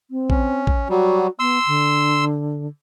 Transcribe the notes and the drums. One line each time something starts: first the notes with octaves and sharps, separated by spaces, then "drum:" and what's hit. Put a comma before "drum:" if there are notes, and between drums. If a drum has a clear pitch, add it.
C4
C#4, drum: kick
drum: kick
F#3 G3 F#4
B3 C6 E6
D3